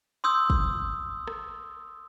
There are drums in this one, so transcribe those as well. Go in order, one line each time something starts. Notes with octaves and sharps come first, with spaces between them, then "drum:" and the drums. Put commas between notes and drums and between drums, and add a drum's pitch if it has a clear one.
C6 D#6 E6 G6
drum: kick
drum: rim click